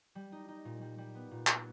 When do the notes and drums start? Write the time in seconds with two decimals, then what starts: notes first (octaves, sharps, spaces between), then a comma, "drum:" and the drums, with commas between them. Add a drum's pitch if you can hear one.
0.15 G3
0.32 D#4
0.48 D#4
0.65 A#2
0.81 G3
0.98 G3
1.15 B3
1.31 A#2
1.47 B3, drum: clap